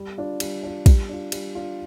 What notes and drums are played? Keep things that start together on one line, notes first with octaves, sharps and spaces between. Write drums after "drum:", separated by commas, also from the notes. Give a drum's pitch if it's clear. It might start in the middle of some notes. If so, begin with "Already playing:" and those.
Already playing: G3
D4 F4
G3, drum: cymbal
D4 F4
G3, drum: kick, cymbal
D4 F4
G3, drum: cymbal
D4 F4